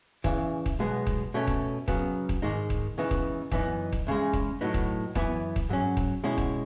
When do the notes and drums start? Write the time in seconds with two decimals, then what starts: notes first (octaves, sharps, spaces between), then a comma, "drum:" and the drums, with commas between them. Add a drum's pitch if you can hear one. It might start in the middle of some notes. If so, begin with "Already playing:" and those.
0.24 E2 C#3 E3, drum: kick D#1
0.66 drum: kick D#1
0.79 B1 B2 G#3 B3
1.07 drum: kick D#1
1.34 B2 A3 C#4
1.47 drum: kick D#1
1.88 C#3 F#3 B3, drum: kick D#1
2.29 drum: kick D#1
2.42 G#2 D#3 G#3 D#4
2.70 drum: kick D#1
2.97 C#2 C#3 E3 B3 D#4
3.11 drum: kick D#1
3.51 F#2 E3 B3 D#4, drum: kick D#1
3.93 drum: kick D#1
4.07 E2 C#3 G#3
4.33 drum: kick D#1
4.61 A2 F#3 B3 D#4
4.74 drum: kick D#1
5.15 F#2 E3 B3 E4, drum: kick D#1
5.56 drum: kick D#1
5.69 G#2 F#3 C#4
5.97 drum: kick D#1
6.24 B2 G#3 C#4 E4
6.38 drum: kick D#1